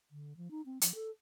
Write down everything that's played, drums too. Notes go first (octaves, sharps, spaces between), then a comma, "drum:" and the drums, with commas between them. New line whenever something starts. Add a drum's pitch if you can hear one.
D3
F3
D#4
C4
F3, drum: hi-hat
A4